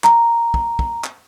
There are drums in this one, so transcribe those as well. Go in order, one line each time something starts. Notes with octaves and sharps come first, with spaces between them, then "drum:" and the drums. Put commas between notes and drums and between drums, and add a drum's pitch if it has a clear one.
A#5, drum: clap
drum: kick
drum: kick
drum: clap